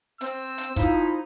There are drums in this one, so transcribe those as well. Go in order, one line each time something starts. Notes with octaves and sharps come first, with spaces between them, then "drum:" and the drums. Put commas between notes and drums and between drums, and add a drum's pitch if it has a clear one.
C4 E6, drum: hi-hat
drum: hi-hat
F3 D#4 E4, drum: kick, hi-hat